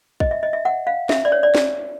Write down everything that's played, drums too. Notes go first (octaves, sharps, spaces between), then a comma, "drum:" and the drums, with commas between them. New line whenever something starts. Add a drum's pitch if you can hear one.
D#5, drum: kick
E5
D#5
E5
F#5
F5
E5, drum: snare
D5
C#5
D5
drum: snare